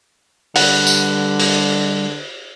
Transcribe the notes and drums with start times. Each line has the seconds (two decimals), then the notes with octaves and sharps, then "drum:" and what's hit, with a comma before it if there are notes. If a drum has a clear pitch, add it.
0.56 D3 G3 B4 F#5, drum: open hi-hat
0.87 drum: tambourine
1.40 drum: open hi-hat